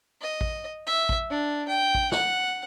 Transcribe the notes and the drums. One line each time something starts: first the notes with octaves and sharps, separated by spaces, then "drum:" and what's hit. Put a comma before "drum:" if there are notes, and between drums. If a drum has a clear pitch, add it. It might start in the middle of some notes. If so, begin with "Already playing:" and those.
D#5
drum: kick A1
E5
drum: kick A1
D4
G5
drum: kick A1
F#5, drum: snare